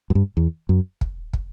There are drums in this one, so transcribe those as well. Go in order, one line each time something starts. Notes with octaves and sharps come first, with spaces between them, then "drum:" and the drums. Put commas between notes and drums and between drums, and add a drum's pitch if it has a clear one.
F#2
G2
E2
F#2
drum: kick
drum: kick